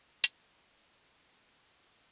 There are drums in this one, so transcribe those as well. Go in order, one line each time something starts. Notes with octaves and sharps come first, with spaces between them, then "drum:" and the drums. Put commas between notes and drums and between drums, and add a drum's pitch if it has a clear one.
G2 D#3 A3 F#4 A#5, drum: hi-hat
D#3 E3 C4